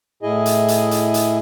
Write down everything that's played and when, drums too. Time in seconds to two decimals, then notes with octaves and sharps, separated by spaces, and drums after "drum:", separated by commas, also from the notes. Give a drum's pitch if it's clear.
0.23 A2 E4 G#4 D#5
0.46 drum: hi-hat
0.68 drum: hi-hat
0.91 drum: hi-hat
1.14 drum: hi-hat